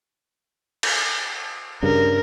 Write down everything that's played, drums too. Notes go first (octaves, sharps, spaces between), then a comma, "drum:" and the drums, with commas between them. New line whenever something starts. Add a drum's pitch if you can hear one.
drum: cymbal
G2 C#3 A#4